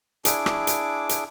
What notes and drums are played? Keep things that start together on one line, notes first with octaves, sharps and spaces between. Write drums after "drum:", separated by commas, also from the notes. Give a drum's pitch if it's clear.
D4 E4 G#4 D6, drum: hi-hat
drum: rim click
drum: hi-hat
drum: hi-hat